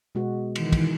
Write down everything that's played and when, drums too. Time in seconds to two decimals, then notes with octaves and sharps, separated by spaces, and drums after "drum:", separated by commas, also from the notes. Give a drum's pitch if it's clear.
0.15 B2 G#3 F#4
0.56 D#3 E3, drum: cymbal
0.72 drum: kick, cymbal